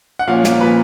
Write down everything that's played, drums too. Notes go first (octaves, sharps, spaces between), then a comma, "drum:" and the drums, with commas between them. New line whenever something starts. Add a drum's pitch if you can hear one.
F#5
A#2 F3 A#3 C#4 F5
drum: snare
A#2 F3 A#3 C#4 B4